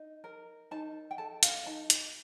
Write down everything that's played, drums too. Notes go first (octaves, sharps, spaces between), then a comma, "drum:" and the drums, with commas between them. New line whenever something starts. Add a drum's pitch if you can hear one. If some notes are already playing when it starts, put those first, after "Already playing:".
Already playing: D#4
A#4
D#4 A5
G5
A4 A5
F5, drum: hi-hat
D#4 A5
drum: hi-hat